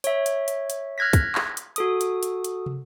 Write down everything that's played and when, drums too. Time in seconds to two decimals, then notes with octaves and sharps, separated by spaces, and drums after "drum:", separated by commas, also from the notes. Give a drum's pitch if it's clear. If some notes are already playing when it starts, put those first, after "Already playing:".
0.04 C#5 E5, drum: hi-hat
0.26 drum: hi-hat
0.48 drum: hi-hat
0.70 drum: hi-hat
0.98 F6 F#6 G#6 A#6 B6
1.13 drum: kick, hi-hat
1.35 drum: clap
1.57 drum: hi-hat
1.76 F#4 A4 D#6, drum: hi-hat
2.01 drum: hi-hat
2.23 drum: hi-hat
2.44 drum: hi-hat
2.66 drum: tom